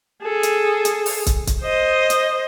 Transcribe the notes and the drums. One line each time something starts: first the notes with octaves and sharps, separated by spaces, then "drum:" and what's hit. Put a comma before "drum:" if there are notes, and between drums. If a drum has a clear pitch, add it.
G#4 A4
drum: hi-hat
drum: hi-hat
drum: open hi-hat
drum: kick, hi-hat
drum: kick, hi-hat
C5 D#5
drum: hi-hat